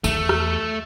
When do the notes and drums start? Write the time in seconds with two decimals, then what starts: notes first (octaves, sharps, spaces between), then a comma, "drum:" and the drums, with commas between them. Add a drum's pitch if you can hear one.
0.04 E2 A3, drum: tambourine
0.29 drum: rim click